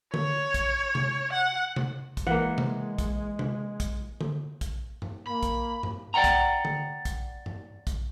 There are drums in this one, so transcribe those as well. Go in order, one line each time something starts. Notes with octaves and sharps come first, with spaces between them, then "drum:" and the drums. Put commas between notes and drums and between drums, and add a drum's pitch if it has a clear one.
C#5, drum: tom D3
drum: kick A#1, hi-hat
drum: tom C3
F#5
drum: tom C3
drum: kick A#1, hi-hat
E3 G#3 A#3 F#5
drum: tom C3
drum: kick A#1, hi-hat
drum: tom C3
drum: kick A#1, hi-hat
drum: tom D3
drum: kick A#1, hi-hat
drum: tom G2
A#3 B5
drum: kick A#1, hi-hat
drum: tom G2
D5 F#5 G5 A#5
drum: kick A#1, hi-hat
drum: tom D3
drum: kick A#1, hi-hat
drum: tom G2
drum: kick A#1, hi-hat